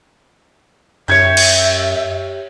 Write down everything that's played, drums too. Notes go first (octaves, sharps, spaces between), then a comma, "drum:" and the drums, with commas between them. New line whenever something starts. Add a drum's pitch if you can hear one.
F#2 G4 C#5 E5 G6 G#6 C#7
drum: cymbal